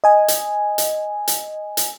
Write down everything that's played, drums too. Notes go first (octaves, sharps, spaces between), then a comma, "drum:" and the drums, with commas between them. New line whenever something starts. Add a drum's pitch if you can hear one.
D#5 G#5
drum: hi-hat
drum: hi-hat
drum: hi-hat
drum: hi-hat